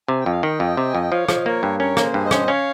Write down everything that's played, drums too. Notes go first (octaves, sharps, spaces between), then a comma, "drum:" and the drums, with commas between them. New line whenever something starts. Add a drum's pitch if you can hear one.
C3 G#5
G5
F2
F5
D#3 D#5 G5
F2
C3
F2 G#5
G5
F3 C#5 F5
F3, drum: rim click
D#5
A#3 A#4 C#5
G2
C#4 A#4 C#5
A#3, drum: rim click
G#4 C5
G2
C5 D#5
C#4, drum: rim click
C#4 C#5 F5